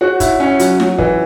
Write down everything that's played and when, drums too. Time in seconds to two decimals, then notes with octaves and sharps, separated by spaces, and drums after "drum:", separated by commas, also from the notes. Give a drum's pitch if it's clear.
0.01 F#4 G#4 C#5 F#5
0.20 E4, drum: kick, hi-hat
0.40 C#4
0.59 F#3, drum: hi-hat
0.80 F#3, drum: snare
0.98 E3, drum: kick